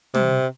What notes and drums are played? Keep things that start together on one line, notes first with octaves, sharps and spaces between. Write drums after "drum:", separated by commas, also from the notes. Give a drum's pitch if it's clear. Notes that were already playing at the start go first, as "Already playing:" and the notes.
C3, drum: tom